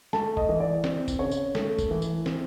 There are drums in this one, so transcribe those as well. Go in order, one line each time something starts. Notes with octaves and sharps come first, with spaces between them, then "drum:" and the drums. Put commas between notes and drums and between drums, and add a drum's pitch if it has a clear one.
A3 A5, drum: snare
D#5, drum: kick
E3
D5
C4, drum: snare
drum: kick, tambourine
C#3 C#5
drum: tambourine
A3, drum: snare
drum: kick, tambourine
E3
drum: tambourine
C4, drum: snare